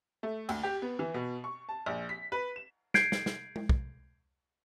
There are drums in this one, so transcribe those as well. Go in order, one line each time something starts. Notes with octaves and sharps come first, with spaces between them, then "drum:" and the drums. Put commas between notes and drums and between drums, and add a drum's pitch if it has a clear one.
A3
D2, drum: cymbal
G4
B3
E3
B2
C#6
A5
A#1
B6
B4
E7
G6 G#6 C7 D7, drum: snare
drum: snare
drum: snare
drum: tom G#3
drum: kick